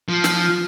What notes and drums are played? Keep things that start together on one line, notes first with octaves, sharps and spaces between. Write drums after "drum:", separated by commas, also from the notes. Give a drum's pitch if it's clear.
F3
drum: snare